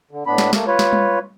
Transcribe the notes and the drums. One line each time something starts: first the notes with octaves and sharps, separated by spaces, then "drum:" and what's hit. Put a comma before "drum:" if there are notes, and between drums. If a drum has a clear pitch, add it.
D3
A2 B3 D4 B5
drum: snare
A3 A#3, drum: snare
F4 B4 C#5
drum: snare
drum: tom G3